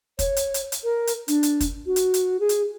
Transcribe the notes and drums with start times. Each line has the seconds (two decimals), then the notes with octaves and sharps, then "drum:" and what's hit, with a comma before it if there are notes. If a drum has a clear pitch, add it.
0.19 C#5, drum: kick, hi-hat
0.36 drum: hi-hat
0.54 drum: hi-hat
0.72 drum: hi-hat
0.84 A#4
1.07 drum: hi-hat
1.28 D4, drum: hi-hat
1.43 drum: hi-hat
1.61 drum: kick, hi-hat
1.86 F#4
1.96 drum: hi-hat
2.14 drum: hi-hat
2.40 G#4
2.49 drum: hi-hat